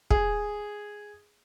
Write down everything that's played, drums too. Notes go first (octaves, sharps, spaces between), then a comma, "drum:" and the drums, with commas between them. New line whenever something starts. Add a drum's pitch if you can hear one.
G#4, drum: kick